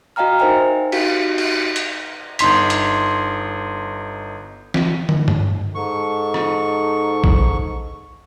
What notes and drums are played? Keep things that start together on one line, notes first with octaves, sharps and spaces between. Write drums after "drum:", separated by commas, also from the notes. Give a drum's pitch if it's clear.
F#4 D#5 F5 G5 A#5 F6
D#4 A#4 C5 E5 G5 G#5
D#4 F#4 G4 F5 B6, drum: cymbal
drum: cymbal
drum: hi-hat
G1 D#4 C6 B6, drum: hi-hat
drum: hi-hat
drum: snare
drum: tom
drum: tom G2
G#2 D#4 A4 C#6
drum: rim click
drum: kick A#1